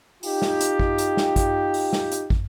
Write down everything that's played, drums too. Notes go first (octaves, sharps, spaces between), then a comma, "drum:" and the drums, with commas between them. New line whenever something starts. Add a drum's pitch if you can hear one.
D#4 F4 G4, drum: open hi-hat
drum: snare
drum: hi-hat
drum: kick
drum: hi-hat
drum: snare
drum: kick, hi-hat
drum: open hi-hat
drum: snare
drum: hi-hat
drum: kick